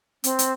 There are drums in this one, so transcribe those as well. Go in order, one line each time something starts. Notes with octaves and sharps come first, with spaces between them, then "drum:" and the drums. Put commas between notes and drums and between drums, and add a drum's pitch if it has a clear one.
C4, drum: hi-hat
drum: hi-hat